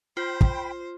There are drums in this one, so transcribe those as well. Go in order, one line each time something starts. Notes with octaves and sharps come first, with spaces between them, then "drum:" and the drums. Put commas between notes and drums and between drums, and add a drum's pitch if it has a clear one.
F4 C5 G5 B5
drum: kick